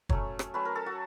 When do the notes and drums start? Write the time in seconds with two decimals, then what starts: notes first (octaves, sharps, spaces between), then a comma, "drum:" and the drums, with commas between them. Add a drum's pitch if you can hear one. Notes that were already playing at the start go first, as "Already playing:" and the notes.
0.09 F#3 A3 C#4 C#5, drum: kick
0.39 drum: rim click
0.54 F#3 A3 C#4 B4
0.65 A#4
0.75 A4
0.86 F#4